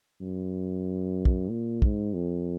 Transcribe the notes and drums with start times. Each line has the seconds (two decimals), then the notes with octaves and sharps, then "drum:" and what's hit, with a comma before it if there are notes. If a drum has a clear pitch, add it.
0.21 F#2
1.25 drum: kick
1.50 A#2
1.82 G#2, drum: kick
2.14 F2